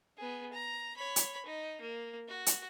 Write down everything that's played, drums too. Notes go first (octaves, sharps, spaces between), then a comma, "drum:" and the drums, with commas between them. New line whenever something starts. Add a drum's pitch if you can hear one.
B3 G#4
A#5
C#5 B5
drum: hi-hat
D#4
A#3
F#4
drum: hi-hat